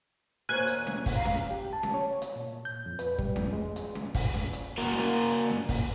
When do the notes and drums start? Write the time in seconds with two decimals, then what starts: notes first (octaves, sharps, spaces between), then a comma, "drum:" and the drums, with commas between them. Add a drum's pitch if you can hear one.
0.49 D#2 C5 C#5 G#5 F#6
0.67 drum: hi-hat
0.87 drum: snare C#4
1.06 drum: kick, open hi-hat
1.15 F5 A#5
1.25 drum: snare C#4
1.51 G4
1.73 A5
1.83 drum: snare C#4
1.94 C#5
2.22 drum: hi-hat
2.36 A#2
2.65 G6
2.86 F2
2.99 B4, drum: hi-hat
3.19 G3, drum: kick
3.36 F2, drum: snare C#4
3.53 G#3
3.76 drum: hi-hat
3.95 drum: snare C#4
4.15 drum: kick, open hi-hat
4.34 drum: snare C#4
4.53 drum: hi-hat
4.78 A#3 F#4 A#4
4.92 drum: snare C#4
5.30 drum: hi-hat
5.50 drum: snare C#4
5.69 drum: kick, open hi-hat